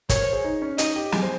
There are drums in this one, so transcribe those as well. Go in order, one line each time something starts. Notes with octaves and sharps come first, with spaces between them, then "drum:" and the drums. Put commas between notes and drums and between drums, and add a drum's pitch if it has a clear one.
A#4 C#5, drum: kick, hi-hat
C5
G#4
D#4
C#4
D#4 D#5, drum: hi-hat
G4
G#4, drum: snare
C5